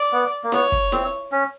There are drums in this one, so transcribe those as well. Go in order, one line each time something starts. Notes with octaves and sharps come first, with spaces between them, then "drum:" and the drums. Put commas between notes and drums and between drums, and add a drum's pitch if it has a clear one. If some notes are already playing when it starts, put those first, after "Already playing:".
Already playing: D5
B3
A#3
B3 C#5, drum: snare E4
drum: kick
C4, drum: snare E4
C#4